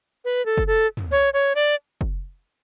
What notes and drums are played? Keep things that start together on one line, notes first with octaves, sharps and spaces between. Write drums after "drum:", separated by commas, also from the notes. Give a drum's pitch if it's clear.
B4
A4
drum: kick
A4
drum: tom
C#5
C#5
D5
drum: kick